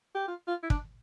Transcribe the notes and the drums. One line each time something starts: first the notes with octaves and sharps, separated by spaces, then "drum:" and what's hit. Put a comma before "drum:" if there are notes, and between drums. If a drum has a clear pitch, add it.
G4
F4
F4
E4
D4, drum: kick